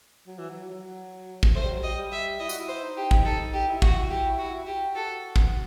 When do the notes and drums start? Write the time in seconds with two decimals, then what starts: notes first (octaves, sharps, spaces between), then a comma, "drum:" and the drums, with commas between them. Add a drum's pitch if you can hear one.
0.27 F#3
0.39 E3
0.49 F#3
0.70 F#3
1.43 drum: kick
1.55 A3 C5
1.63 G3
1.71 F#3
1.80 G3 D#5
1.98 G3
2.12 E5
2.40 E4 D#5
2.49 F#4, drum: tambourine
2.59 E4
2.68 C5
2.82 D#4
2.97 G4
3.11 drum: kick
3.25 D#4 A4
3.54 G4
3.68 E4
3.82 F#4, drum: kick
4.10 G4
4.39 F#4
4.67 G4
4.95 F#4 A4
5.36 drum: kick